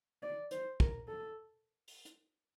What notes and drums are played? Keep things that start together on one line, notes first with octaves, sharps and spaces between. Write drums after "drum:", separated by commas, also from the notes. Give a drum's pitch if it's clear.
D5
C5, drum: hi-hat
A#4, drum: kick
A4
drum: open hi-hat
drum: hi-hat